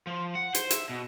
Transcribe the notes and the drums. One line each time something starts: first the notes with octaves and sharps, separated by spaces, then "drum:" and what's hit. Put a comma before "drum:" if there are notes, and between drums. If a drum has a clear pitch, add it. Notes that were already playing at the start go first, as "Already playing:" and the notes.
F3
F#5
C5, drum: hi-hat
E5, drum: hi-hat
B2